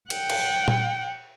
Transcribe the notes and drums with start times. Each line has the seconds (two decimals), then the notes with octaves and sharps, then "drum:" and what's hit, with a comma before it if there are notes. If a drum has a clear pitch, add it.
0.10 F#5 G5, drum: cymbal
0.30 drum: cymbal
0.68 drum: tom A#2